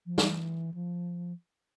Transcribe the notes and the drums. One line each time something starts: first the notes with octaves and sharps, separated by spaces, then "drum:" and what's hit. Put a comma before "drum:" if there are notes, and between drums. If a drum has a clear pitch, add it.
F3
E3, drum: snare
F3